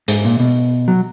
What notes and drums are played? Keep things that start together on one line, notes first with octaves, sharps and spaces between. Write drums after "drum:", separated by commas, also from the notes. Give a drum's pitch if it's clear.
G#2, drum: hi-hat
A#2
B2
F#3